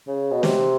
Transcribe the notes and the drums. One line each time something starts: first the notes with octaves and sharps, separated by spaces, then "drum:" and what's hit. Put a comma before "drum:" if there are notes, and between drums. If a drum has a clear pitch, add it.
C#3
B2
C3, drum: snare